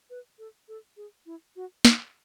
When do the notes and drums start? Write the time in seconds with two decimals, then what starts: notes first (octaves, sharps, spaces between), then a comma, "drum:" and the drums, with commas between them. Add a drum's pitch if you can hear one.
0.10 B4
0.39 A4
0.68 A4
0.97 G#4
1.26 E4
1.56 F#4
1.85 D#4, drum: snare